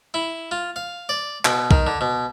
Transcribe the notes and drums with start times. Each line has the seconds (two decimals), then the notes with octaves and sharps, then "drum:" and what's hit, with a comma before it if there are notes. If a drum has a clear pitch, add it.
0.14 E4
0.51 F4
0.76 F5
1.09 D5
1.45 B2, drum: clap
1.71 D#3, drum: kick B1
1.87 D3
2.01 B2